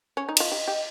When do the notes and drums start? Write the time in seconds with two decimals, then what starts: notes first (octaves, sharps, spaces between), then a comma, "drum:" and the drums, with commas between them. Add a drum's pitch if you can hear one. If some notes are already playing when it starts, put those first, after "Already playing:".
0.17 C#4
0.29 D#4
0.37 F4 D#5, drum: cymbal
0.52 G4
0.68 G4